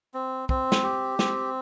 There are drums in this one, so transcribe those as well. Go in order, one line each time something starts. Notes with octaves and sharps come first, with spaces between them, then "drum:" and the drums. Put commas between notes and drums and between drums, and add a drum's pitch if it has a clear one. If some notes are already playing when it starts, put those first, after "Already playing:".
C4
C4, drum: kick
drum: snare
G4
C4, drum: snare